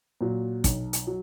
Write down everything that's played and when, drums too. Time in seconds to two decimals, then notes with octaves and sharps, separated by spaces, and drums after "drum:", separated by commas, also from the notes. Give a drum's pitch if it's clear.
0.21 A#2 F#3
0.64 B1, drum: kick, hi-hat
0.93 drum: hi-hat
1.07 F#3